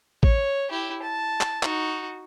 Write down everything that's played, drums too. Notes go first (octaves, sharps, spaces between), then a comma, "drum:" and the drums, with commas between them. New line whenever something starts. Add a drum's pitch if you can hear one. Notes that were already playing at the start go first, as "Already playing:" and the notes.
C#5, drum: kick
E4 G4
A5
drum: clap
D#4 F#4, drum: clap